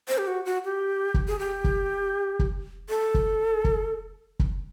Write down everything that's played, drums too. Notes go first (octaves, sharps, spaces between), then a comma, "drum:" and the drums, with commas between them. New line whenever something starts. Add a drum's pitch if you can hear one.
C5
G4
F#4
F#4
G4
drum: kick
G#4
G4
drum: kick
drum: kick
A4
drum: kick
drum: kick
drum: kick